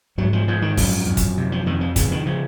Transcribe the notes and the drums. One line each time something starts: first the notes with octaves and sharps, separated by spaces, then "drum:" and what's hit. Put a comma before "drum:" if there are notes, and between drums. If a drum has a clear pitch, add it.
G#2 F#3
F3
G#2 F3
D#3
F#2 F3, drum: kick, open hi-hat
F#2
drum: kick, hi-hat
C3
F3
F2 D#3
F3
C#3 F3, drum: kick, hi-hat
D#3
C#3 F3